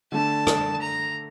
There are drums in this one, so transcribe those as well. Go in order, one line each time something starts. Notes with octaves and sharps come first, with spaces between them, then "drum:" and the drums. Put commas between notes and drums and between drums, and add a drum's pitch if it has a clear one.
D3 A3 D4 A5
drum: rim click
A#5